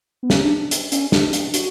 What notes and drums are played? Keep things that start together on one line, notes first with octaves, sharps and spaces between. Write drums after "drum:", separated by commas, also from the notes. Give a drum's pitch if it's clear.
B3
C#4, drum: snare
D4
drum: hi-hat
C#4, drum: hi-hat
D4, drum: snare
D4, drum: hi-hat
F#4, drum: hi-hat